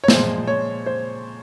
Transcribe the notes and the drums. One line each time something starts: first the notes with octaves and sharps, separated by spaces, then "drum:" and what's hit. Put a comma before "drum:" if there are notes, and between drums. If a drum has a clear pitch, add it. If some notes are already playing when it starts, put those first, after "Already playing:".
C#5
A#2 F3 G#3 C5, drum: snare
C#5
C5